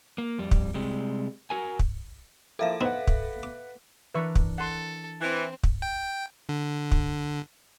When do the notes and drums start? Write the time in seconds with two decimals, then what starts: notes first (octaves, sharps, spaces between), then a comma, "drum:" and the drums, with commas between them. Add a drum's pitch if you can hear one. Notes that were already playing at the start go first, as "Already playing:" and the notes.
0.18 A#3
0.38 F2 G3
0.51 drum: kick
0.74 C3 G3 G#3
1.50 F#4 A#4 G#5
1.79 drum: kick
2.59 F3 A#3 E4 A4 E5 F5
2.81 C4 D#4 E4 B4 F#5
3.07 drum: kick
3.43 D6
4.14 E3 D4 A#4 B4 E5 C#6
4.35 drum: kick
4.58 A4 F#5 C6
5.21 E3 C4
5.63 drum: kick
5.82 G5
6.49 D3
6.91 drum: kick